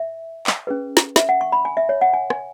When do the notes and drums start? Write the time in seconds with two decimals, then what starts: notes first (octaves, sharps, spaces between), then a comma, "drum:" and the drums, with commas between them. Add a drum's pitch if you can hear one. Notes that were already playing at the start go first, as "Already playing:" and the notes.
Already playing: E5
0.47 drum: clap
0.67 C#4 G#4 B4
0.97 drum: snare
1.16 E5, drum: snare
1.29 F#5
1.41 C#6
1.52 B5
1.65 G#5
1.77 E5
1.89 C#5
2.01 F#5
2.14 G#5
2.30 G#5, drum: rim click